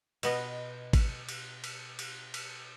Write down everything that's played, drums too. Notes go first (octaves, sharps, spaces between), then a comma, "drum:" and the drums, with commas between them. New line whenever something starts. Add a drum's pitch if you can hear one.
B2 B3 D#5, drum: cymbal
drum: kick G#1, cymbal
drum: cymbal
drum: cymbal
drum: cymbal
drum: cymbal